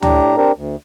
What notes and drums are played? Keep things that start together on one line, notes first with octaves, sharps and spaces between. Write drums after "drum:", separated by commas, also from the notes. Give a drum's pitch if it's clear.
A2 D4 G4 A#5, drum: tom D2
C4 D4 G4 A#4
D2